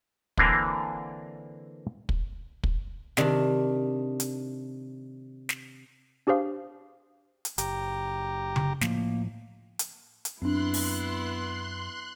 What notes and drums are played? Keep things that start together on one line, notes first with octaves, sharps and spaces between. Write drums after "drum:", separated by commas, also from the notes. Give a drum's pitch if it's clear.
D3 E3 A#3 C4 D4, drum: kick
drum: kick
drum: kick
C3 D#3 D4, drum: snare
drum: hi-hat
drum: snare
D4 G4 G#4 C5 F5
drum: hi-hat
F#1 G4 A#5, drum: hi-hat
drum: tom C#3
A2 F3 A#3, drum: snare
drum: hi-hat
drum: hi-hat
F#2 B3 C4 D4 E4 C6 F#6
drum: open hi-hat